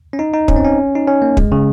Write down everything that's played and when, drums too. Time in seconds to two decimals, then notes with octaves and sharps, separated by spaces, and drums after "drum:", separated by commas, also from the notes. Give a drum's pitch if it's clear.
0.13 C#4
0.19 D#4
0.34 D#4
0.48 C#4, drum: kick
0.56 C4
0.64 C#4
0.95 D#4
1.07 C#4
1.22 A#3
1.37 G#3, drum: kick
1.52 C#3